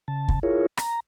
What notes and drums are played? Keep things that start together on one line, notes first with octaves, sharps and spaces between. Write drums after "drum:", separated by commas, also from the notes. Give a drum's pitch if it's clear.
C#3 A5
drum: kick
E4 F4 G#4 A#4 C#5
A#5, drum: rim click